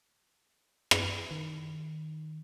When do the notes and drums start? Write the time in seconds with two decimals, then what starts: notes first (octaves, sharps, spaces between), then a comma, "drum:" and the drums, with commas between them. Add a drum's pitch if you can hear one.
0.91 drum: rim click
1.31 D#3